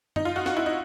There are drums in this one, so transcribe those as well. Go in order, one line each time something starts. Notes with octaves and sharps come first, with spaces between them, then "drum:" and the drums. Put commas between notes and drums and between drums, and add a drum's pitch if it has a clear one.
D#4, drum: tom F#2
F4
F#4
F#4, drum: snare
E4
D#4